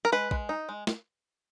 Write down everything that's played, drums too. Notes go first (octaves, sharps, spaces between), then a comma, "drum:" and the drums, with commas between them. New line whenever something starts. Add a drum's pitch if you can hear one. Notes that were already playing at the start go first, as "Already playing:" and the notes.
A#4
G#3 B4
G#3, drum: kick A#1
D#4
G#3
drum: snare